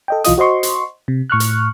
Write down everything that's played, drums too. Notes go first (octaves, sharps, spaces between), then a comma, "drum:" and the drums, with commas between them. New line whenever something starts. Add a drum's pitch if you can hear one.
A4 D#5 G5
B1 E3 F4 D#5 D#6, drum: hi-hat
F#4 C5 D#5 C6 C#6
drum: hi-hat
C3
A2 C#6 F6 F#6
drum: hi-hat